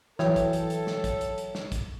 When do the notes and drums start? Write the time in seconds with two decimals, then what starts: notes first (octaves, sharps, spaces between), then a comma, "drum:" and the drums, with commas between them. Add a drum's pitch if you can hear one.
0.19 E3 F#3 A4 C#5 E5 G5, drum: snare
0.36 drum: kick, hi-hat
0.53 drum: hi-hat
0.70 drum: hi-hat
0.87 drum: snare
1.04 drum: kick, hi-hat
1.21 drum: hi-hat
1.38 drum: hi-hat
1.55 drum: snare
1.72 drum: kick, hi-hat